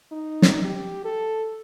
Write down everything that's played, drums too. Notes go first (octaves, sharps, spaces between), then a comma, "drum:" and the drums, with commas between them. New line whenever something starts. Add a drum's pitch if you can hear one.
D#4
drum: snare
G4
A4